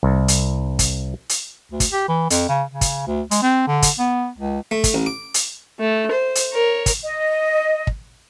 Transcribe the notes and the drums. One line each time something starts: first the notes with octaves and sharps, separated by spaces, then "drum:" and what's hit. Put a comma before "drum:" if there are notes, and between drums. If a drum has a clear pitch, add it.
C2
drum: hi-hat
drum: kick, hi-hat
drum: hi-hat
D2
drum: kick, hi-hat
G4
E3
F2, drum: hi-hat
C#3
C#3
drum: kick, hi-hat
D2
G#3, drum: hi-hat
C4
D3
drum: kick, hi-hat
B3
C#2
A3
drum: kick, hi-hat
A1
D6
drum: hi-hat
A3
C5
drum: hi-hat
A#4 C#5
drum: kick, hi-hat
D#5
drum: kick